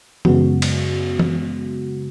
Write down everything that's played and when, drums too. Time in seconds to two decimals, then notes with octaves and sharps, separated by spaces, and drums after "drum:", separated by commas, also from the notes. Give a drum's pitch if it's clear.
0.25 F#2 C#3 G#3 B3 F#4, drum: tom E3
0.62 drum: cymbal
1.19 drum: tom E3